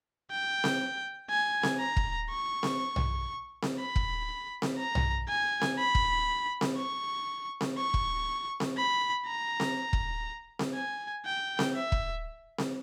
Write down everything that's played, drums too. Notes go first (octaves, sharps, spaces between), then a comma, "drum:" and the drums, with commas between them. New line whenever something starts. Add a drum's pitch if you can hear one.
G5
drum: snare C4
G#5
drum: snare C4
A#5
drum: kick
C#6
drum: snare C4
drum: tom
drum: snare C4
B5
drum: kick
drum: snare C4
A#5
drum: tom
G#5
drum: snare C4
B5
drum: kick
drum: snare C4
C#6
drum: snare C4
C#6
drum: kick
drum: snare C4
B5
A#5
drum: snare C4
drum: kick
drum: snare C4
G#5
G5
drum: snare C4
E5
drum: kick
drum: snare C4